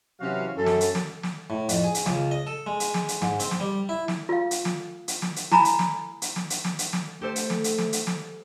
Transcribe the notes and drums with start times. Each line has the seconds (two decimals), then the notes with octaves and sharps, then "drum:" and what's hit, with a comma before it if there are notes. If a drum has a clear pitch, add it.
0.20 C3 E3 F#3 C#4 F#4 F5
0.57 F#2 A4
0.66 drum: snare
0.81 drum: hi-hat
0.95 drum: snare
1.23 drum: snare
1.50 A2
1.69 F2, drum: hi-hat
1.84 G#4
1.95 drum: hi-hat
2.06 C#2, drum: snare
2.31 D#5
2.47 A4
2.67 G#3
2.80 drum: hi-hat
2.94 drum: snare
3.08 drum: hi-hat
3.22 G#2, drum: snare
3.40 C4, drum: hi-hat
3.51 drum: snare
3.60 G3
3.89 E4
4.08 drum: snare
4.29 F4 F5
4.51 drum: hi-hat
4.65 drum: snare
5.08 drum: hi-hat
5.22 drum: snare
5.36 drum: hi-hat
5.51 E4 G#5 A#5 B5, drum: snare
5.65 drum: hi-hat
5.79 drum: snare
6.22 drum: hi-hat
6.36 drum: snare
6.50 drum: hi-hat
6.64 drum: snare
6.79 drum: hi-hat
6.93 drum: snare
7.21 A3 G4 A4 C5
7.36 drum: hi-hat
7.50 drum: snare
7.64 drum: hi-hat
7.78 drum: snare
7.93 drum: hi-hat
8.07 drum: snare